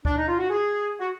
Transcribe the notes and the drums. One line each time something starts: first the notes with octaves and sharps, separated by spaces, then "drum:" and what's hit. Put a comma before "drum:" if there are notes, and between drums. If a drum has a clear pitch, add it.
D4, drum: kick C#2
D#4
F4
F#4
G#4
F#4